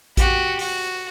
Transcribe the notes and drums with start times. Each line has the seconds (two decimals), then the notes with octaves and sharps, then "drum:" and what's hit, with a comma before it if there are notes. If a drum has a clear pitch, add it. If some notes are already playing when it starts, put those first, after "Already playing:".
0.17 F#4 G4, drum: kick A1, hi-hat
0.59 F#4, drum: open hi-hat